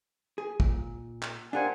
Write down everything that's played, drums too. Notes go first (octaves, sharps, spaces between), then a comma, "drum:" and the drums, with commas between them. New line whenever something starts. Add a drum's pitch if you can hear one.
G#4
A#2, drum: kick
drum: clap
A#2 D4 G4 C5 F#5 G#5